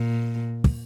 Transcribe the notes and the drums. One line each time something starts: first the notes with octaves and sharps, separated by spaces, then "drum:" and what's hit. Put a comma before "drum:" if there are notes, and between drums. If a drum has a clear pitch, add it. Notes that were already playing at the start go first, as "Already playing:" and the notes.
Already playing: A#2
drum: kick